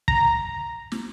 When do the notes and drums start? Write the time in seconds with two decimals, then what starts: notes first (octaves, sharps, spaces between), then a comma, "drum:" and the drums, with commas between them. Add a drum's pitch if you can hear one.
0.08 A#5, drum: kick
0.92 drum: snare